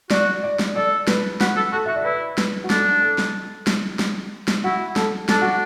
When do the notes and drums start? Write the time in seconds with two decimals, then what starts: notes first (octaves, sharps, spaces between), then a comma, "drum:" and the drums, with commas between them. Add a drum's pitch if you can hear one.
0.11 F#4 D5, drum: snare
0.43 D5
0.59 drum: snare
0.76 A4 D5
1.08 B4, drum: snare
1.41 F#4 B4, drum: snare
1.57 A4
1.72 F#4 A4
1.86 F#4 E5
1.95 D5
2.05 E4 B4
2.38 B4, drum: snare
2.64 F#4
2.70 D4 A4, drum: snare
3.02 A4
3.18 drum: snare
3.67 drum: snare
3.99 drum: snare
4.48 drum: snare
4.64 E4 F#4
4.96 A4, drum: snare
5.29 D4 A4, drum: snare
5.41 F#4